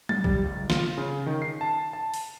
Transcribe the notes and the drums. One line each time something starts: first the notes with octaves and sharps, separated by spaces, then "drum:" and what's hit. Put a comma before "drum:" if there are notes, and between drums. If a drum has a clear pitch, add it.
A6, drum: tom F#3
G3, drum: kick A#1
C#2
F4, drum: snare
C#3
D#3
C7
A5
A5
drum: open hi-hat